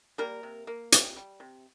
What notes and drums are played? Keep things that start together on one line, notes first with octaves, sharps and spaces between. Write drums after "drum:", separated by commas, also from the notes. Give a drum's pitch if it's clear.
G3 A#3 A#4
C3
A#3
C3, drum: hi-hat
G3
C3